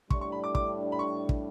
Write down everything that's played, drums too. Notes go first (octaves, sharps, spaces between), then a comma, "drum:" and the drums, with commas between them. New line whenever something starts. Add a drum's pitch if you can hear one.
A2 G3 D4 C#6, drum: kick
C#6
B5
D6
D6, drum: kick
B5
C#6
drum: kick